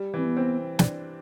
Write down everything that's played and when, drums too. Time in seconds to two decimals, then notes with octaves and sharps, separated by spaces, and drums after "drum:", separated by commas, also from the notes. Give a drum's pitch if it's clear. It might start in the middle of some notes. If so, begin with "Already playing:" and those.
Already playing: G3
0.14 E3 C4
0.25 B3
0.37 C4
0.79 D4, drum: snare